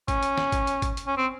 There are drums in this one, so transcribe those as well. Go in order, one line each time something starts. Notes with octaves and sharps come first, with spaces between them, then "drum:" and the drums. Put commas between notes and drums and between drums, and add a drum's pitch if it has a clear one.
C#4, drum: kick G#1, hi-hat
drum: hi-hat
drum: snare
drum: kick G#1, hi-hat
drum: hi-hat
drum: kick G#1, hi-hat
drum: hi-hat
C#4
C4